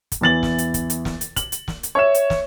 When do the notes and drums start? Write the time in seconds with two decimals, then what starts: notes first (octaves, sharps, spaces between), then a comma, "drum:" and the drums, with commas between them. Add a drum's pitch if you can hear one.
0.12 drum: kick, hi-hat
0.21 E2 E3 A6 F#7
0.43 drum: snare
0.58 drum: hi-hat
0.74 drum: kick, hi-hat
0.90 drum: hi-hat
1.05 drum: snare
1.21 drum: hi-hat
1.36 F#7, drum: kick, hi-hat
1.52 drum: hi-hat
1.68 drum: snare
1.83 drum: hi-hat
1.95 C#5 E5 E7
2.14 drum: hi-hat
2.30 drum: snare